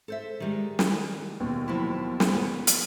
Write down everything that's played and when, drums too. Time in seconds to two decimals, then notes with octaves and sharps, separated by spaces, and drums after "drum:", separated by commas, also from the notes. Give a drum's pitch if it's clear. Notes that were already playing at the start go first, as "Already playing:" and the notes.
0.08 A4 C5 E5
0.40 D#3 G3 G#3
0.79 drum: snare
1.40 D#2 B2
1.68 F3 F#3 E4
2.20 drum: snare
2.34 B3 F4
2.67 drum: hi-hat